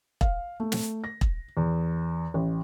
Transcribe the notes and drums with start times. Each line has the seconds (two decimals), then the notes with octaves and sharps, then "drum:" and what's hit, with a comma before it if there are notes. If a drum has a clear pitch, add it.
0.21 F5, drum: kick E1
0.60 A3
0.72 drum: snare
1.04 A#6
1.21 drum: kick E1
1.57 E2
2.34 A1